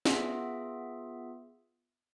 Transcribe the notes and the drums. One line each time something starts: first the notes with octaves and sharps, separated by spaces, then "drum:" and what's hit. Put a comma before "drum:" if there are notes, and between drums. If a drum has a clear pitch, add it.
B3 F4 G#4 E5, drum: snare